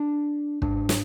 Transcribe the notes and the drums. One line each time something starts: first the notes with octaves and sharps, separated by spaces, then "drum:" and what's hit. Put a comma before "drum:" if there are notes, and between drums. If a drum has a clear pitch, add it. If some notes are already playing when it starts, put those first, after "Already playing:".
Already playing: D4
G#2 D4, drum: kick
drum: snare